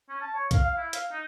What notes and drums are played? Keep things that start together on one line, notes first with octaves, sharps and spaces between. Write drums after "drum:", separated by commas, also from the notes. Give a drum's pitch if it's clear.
C#4
A5
C#5
F5, drum: kick B1, hi-hat
F5
E4
F5, drum: hi-hat
D#4